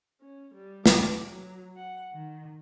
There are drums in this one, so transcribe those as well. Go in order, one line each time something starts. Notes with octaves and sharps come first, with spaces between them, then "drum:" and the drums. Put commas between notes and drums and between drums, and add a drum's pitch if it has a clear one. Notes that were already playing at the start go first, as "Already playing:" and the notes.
C#4
G3
D6, drum: snare
F#3
F#5
D#3